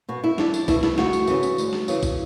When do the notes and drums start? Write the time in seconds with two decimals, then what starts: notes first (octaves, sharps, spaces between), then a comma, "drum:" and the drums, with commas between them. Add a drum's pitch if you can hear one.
0.09 B2 F#4
0.24 E4
0.38 E2 D4, drum: snare
0.54 D4, drum: tambourine
0.68 B2 E4, drum: kick, tambourine
0.83 E4, drum: snare
0.98 D2 F#4, drum: snare
1.13 drum: tambourine
1.27 C#3 E3, drum: tambourine
1.43 drum: tambourine
1.58 D2, drum: tambourine
1.73 drum: snare
1.88 C#3 E3, drum: tambourine
2.03 drum: kick, tambourine